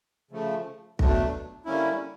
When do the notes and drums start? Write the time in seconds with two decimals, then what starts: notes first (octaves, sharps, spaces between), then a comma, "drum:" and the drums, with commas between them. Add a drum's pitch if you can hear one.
0.31 C#3 F3 A3
0.99 B2 F#3 A3 D4, drum: kick
1.65 D3 G3 A#3 C#4 E4